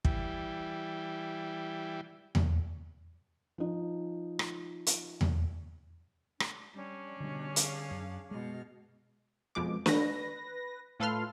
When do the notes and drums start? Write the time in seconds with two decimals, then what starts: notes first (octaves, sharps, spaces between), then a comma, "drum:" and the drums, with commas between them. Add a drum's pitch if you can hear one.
0.05 E3 G3, drum: kick
2.35 drum: tom E2
3.58 F3 D#4
4.39 drum: rim click
4.87 drum: hi-hat
5.21 drum: tom E2
6.40 D4, drum: rim click
6.74 G3 C#4 D4
7.20 B2 D3 G3
7.56 G#4 F5, drum: hi-hat
7.91 F#2
8.31 B2 G#3 F6
9.55 F2 B2 F3 G#3 D6
9.86 B4 A#6, drum: snare
11.00 A2 F4 A4 B4 C6 F6